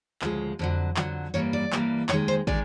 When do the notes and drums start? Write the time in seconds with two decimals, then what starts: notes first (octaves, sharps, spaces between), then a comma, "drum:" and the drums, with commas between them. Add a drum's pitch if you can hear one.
0.21 D2 C#3 F3 G#3, drum: clap
0.59 F2 D3 F#3
0.96 F2 D3 F#3, drum: clap
1.34 G2 E3 G3 A#3 C#5
1.53 D5
1.72 G2 E3 G3 A#3, drum: clap
2.09 D#2 D#3 G#3 C#5, drum: clap
2.28 C5
2.47 D#3 G#3 D5, drum: kick